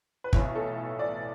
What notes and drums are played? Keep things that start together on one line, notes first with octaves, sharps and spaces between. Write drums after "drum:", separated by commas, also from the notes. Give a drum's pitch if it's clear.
B4
B1 A2 E3 C#5, drum: kick
A4
D5